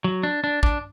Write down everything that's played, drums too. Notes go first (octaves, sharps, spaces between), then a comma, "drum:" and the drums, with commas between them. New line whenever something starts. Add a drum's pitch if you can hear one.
F#3
D4
D4
D4, drum: kick